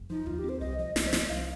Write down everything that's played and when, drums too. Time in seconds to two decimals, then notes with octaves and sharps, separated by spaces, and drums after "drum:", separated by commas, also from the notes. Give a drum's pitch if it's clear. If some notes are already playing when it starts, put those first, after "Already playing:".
Already playing: F1
0.10 F3 D#4
0.26 D#2 F4
0.39 G4
0.44 C4
0.49 C5
0.61 C2 D#5
0.78 F3 D#5
0.96 C2 D#5, drum: snare
1.07 C5
1.13 F3, drum: snare
1.18 D#5
1.30 C2 F5